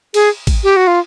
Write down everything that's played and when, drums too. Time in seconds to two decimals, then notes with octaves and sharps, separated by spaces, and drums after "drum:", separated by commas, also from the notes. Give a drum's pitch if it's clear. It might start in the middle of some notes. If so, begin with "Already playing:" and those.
0.14 G#4, drum: cymbal
0.47 drum: kick G#1, cymbal
0.64 G4
0.76 F#4
0.87 F4